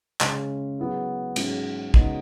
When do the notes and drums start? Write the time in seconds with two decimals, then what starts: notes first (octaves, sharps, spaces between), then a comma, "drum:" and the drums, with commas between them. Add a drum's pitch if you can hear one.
0.21 C#3 G#3 C#4, drum: clap
0.78 F#3 B3 E4 G#4
1.36 G#2 F#3 C#4 G#4, drum: cymbal
1.94 C#3 G#3 B3 D#4 F#4, drum: kick